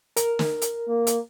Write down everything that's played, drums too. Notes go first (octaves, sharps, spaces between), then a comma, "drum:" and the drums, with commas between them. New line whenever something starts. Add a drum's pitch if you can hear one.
A#4, drum: hi-hat
drum: snare
drum: hi-hat
A#3
drum: hi-hat